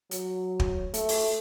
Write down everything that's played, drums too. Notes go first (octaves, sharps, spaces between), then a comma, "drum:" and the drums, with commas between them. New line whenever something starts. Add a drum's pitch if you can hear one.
F#3, drum: hi-hat
drum: kick
A3, drum: hi-hat
drum: open hi-hat